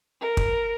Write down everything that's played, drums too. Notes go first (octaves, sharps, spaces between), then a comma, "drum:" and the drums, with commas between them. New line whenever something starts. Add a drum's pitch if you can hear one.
A#4
drum: kick